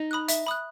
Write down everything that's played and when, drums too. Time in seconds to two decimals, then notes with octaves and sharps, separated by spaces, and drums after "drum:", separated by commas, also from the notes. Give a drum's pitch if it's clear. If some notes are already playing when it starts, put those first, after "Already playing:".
Already playing: D#4
0.11 B5 D#6 F#6
0.28 E5, drum: hi-hat
0.47 B5 D#6 F#6